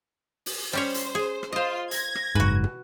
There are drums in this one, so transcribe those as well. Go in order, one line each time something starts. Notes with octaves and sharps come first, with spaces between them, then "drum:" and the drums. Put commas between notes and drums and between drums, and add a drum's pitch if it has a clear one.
drum: open hi-hat
G3 C#4 C5 C#5
drum: hi-hat
G#4
drum: rim click
F4 C5 D#5 C6
G#6 A#6, drum: hi-hat
drum: rim click
F#1 G#2 F#4 B4
drum: tom